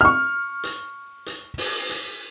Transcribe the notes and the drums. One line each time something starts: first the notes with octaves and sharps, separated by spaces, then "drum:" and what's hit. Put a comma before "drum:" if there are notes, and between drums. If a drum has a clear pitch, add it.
C#6 F6
drum: hi-hat
drum: hi-hat
drum: open hi-hat
drum: hi-hat